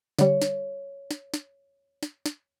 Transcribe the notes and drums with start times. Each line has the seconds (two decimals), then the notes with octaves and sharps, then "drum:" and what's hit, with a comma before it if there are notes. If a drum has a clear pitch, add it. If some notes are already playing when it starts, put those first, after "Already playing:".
0.19 D3 G3 C#5, drum: snare
0.42 drum: snare
1.11 drum: snare
1.34 drum: snare
2.03 drum: snare
2.26 drum: snare